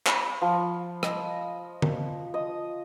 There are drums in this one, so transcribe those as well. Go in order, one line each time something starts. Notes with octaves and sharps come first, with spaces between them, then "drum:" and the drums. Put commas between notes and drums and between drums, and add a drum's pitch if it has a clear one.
B5, drum: clap
F3
D#5, drum: rim click
drum: tom D3
D#5